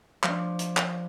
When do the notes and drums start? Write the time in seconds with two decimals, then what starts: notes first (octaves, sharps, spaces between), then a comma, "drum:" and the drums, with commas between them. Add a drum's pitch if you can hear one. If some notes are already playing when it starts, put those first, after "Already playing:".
0.23 F3 D4, drum: clap
0.59 drum: hi-hat
0.77 drum: clap